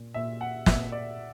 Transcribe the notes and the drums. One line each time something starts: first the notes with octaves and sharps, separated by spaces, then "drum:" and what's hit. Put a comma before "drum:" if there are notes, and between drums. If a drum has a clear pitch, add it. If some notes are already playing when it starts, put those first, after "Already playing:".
Already playing: A#2
A#2 E5
F#5
A#2 E5, drum: snare
D5